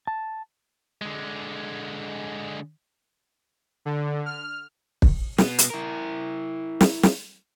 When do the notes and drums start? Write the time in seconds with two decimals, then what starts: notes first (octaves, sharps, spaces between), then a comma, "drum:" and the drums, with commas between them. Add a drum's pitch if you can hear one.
0.07 A5
1.01 D3 G#3
3.85 D3
4.26 F6
5.02 drum: kick
5.38 B2 B3, drum: snare
5.59 drum: hi-hat
5.70 E4 A#4
6.81 drum: snare
7.03 drum: snare